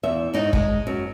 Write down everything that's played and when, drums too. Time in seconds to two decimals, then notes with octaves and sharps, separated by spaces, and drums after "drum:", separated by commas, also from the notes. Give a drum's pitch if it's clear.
0.03 E2 E5
0.34 G#2 D#4 C#5 F#5
0.53 G#3, drum: kick
0.87 F#2